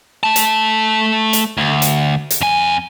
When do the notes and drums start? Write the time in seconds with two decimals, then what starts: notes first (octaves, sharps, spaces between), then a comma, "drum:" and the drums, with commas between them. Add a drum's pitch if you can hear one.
0.23 A3 A5
0.36 drum: hi-hat
1.33 drum: hi-hat
1.57 D2
1.82 drum: hi-hat
2.30 drum: hi-hat
2.41 F2 G#5